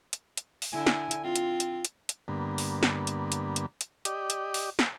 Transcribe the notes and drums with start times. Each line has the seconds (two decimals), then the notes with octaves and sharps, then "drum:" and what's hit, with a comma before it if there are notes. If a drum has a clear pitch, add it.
0.13 drum: hi-hat
0.37 drum: hi-hat
0.62 drum: open hi-hat
0.73 D3 E4 G#5
0.86 drum: snare
1.11 drum: hi-hat
1.24 C4 F4
1.36 drum: hi-hat
1.60 drum: hi-hat
1.85 drum: hi-hat
2.09 drum: hi-hat
2.28 G2 D3 A#3 B3
2.58 drum: open hi-hat
2.83 drum: snare
3.07 drum: hi-hat
3.32 drum: hi-hat
3.56 drum: hi-hat
3.81 drum: hi-hat
4.05 G4 D5 D#5, drum: hi-hat
4.30 drum: hi-hat
4.54 drum: open hi-hat
4.79 drum: snare